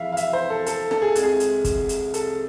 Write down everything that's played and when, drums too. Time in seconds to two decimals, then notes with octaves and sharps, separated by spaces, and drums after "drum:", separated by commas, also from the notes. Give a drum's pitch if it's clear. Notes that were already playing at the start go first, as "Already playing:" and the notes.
Already playing: F2 E3 G#3 E5 F5
0.12 F5
0.17 E5, drum: hi-hat
0.33 C5
0.50 A4
0.66 A4, drum: hi-hat
0.91 A4, drum: rim click
1.02 G#4
1.15 C2 C3 G#3, drum: hi-hat
1.23 G#4
1.40 drum: hi-hat
1.64 drum: kick, hi-hat
1.89 drum: hi-hat
2.14 A4, drum: hi-hat